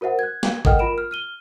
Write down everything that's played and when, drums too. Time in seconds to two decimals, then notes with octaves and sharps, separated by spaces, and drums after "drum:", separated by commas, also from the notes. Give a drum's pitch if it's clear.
0.01 F#4 A#4 C5 E5 F#5
0.19 F#6 G#6
0.43 drum: snare
0.65 A4 A#4 D#5 F#5 G5 F6, drum: kick A1
0.79 F4 A#4 B5 D7 E7
0.98 F6
1.11 F6 D#7 G7